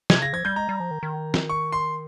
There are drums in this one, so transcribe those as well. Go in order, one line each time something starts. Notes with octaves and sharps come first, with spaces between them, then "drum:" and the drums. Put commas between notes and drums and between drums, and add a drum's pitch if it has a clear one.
C3 G#6, drum: snare
C#3 A#6
F3 G#6
G3 G6
G#3 A#5
G3
F3
D#3
D#3
drum: snare
C#6
C6